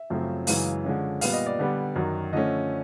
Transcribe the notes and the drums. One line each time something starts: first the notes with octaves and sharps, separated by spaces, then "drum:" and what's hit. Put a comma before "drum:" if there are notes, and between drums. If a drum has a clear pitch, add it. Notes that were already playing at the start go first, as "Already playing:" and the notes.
Already playing: E5
F#2 C#3 F3 A3 C4
F#2 C#3 E3 G#3 F5, drum: open hi-hat
D3 F3 G#3 C#4
A#2 G3 B3 F5, drum: open hi-hat
D#5
D5
D3 G3 B3
F#2 D#3 F#3
D3 F3 A3 C#4 D#5